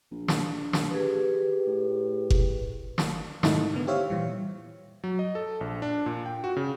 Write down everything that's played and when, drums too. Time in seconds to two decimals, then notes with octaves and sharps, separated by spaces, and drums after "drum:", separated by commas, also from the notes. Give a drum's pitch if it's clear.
0.11 A#1
0.28 drum: snare
0.73 drum: snare
0.90 G4 G#4 B4
1.66 A2
2.30 drum: kick F#1
2.98 drum: snare
3.43 G#2 C3 D#3 A3 D#4 E4, drum: snare
3.74 D3 B3
3.87 G4 C5 C#5 E5 F5
4.10 A#2 E3 G3
5.04 F#3
5.19 D#5
5.35 A4
5.61 A#1
5.82 D4
6.06 A#2
6.26 G5
6.44 F#4
6.57 C#3